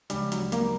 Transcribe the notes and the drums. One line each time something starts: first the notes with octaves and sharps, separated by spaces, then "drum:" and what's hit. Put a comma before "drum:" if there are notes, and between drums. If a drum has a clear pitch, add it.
D2 C#3 F3 G3 G#3, drum: hi-hat
F#3, drum: hi-hat
A#3, drum: hi-hat